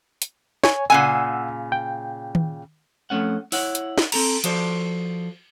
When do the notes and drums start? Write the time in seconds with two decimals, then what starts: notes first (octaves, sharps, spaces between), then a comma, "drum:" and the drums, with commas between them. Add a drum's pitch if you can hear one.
0.22 drum: hi-hat
0.64 C#5 G#5, drum: snare
0.90 A#2 C#3 F#5 G#5 E6
1.72 G5
2.35 drum: tom D#3
3.10 F2 A3 C#4 F#5
3.52 E4 C#5 F#5, drum: open hi-hat
3.75 drum: hi-hat
3.98 drum: snare
4.12 C4 A4 A#5, drum: cymbal
4.44 F3 F#4 A4 C5 D5, drum: hi-hat